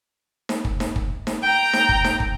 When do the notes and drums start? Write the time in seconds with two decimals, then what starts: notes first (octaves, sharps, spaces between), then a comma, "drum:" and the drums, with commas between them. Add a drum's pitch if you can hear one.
0.49 drum: snare D#4
0.65 drum: kick
0.80 drum: snare D#4
0.96 drum: kick
1.27 drum: snare D#4
1.42 G5 A#5
1.73 drum: snare D#4
1.89 drum: kick
2.04 drum: snare D#4
2.20 drum: kick